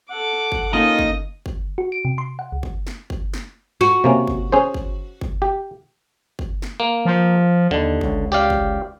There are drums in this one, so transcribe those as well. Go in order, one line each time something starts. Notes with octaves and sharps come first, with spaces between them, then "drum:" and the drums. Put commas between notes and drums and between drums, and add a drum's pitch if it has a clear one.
A4 F#5 D6
drum: kick
A#3 C#4 D#4 F4 A4 D#5
drum: kick
drum: kick
F#4
D7
C3
C6
F#5
C#2
drum: kick
drum: snare
drum: kick
drum: snare
F#4
C3 A#3 C#4
drum: kick
C#4 G#4 C5
drum: kick
drum: kick
G4
drum: kick
drum: snare
A#3
F3
D#2 D3
C#2, drum: kick
G4 D5 F5
drum: kick